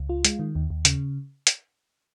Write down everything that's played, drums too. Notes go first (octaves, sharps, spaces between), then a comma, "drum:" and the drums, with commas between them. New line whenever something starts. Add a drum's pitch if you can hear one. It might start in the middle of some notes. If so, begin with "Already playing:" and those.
Already playing: C#2
F4
G#3, drum: hi-hat
D#3
D#2
D#2
C#3, drum: hi-hat
drum: hi-hat